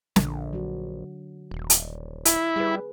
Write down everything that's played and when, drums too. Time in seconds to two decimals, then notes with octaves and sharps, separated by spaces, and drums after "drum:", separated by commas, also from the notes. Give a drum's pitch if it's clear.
0.16 A#1 D3, drum: snare
0.53 F#3 F#4
1.51 D#1
1.70 drum: hi-hat
2.25 E4, drum: hi-hat
2.56 G3 G#4 B4